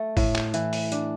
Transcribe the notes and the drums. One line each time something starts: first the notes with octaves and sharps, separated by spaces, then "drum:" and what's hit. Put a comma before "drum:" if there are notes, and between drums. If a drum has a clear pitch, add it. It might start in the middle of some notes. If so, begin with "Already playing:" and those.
Already playing: A3
A2, drum: kick, open hi-hat
drum: clap
E3, drum: hi-hat
drum: open hi-hat
D4, drum: hi-hat